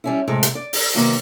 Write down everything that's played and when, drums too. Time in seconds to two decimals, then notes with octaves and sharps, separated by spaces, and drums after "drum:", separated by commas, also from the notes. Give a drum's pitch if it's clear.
0.04 G3 C#4 E4
0.28 A2 C3 G#3
0.43 drum: hi-hat
0.55 D5
0.73 drum: open hi-hat
0.95 C3 D#3 F#3 A#3 B3